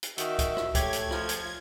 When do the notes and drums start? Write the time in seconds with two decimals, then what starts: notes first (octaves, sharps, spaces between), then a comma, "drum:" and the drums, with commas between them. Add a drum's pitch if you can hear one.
0.03 drum: hi-hat
0.18 D#3 F#4 E5, drum: hi-hat
0.39 drum: kick C#2, hi-hat
0.57 drum: rim click
0.75 A3 G4 C#5 G#6, drum: kick C#2, hi-hat
0.93 drum: hi-hat
1.11 F3 F4, drum: rim click
1.29 drum: hi-hat